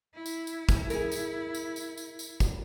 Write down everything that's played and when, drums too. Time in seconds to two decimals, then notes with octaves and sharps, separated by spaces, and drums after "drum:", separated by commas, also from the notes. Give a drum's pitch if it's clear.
0.15 E4
0.26 drum: tambourine
0.47 drum: tambourine
0.69 drum: kick, tambourine
0.90 G#4 A#4, drum: tambourine
1.12 drum: tambourine
1.55 drum: tambourine
1.76 drum: tambourine
1.97 drum: tambourine
2.19 drum: tambourine
2.40 drum: kick, tambourine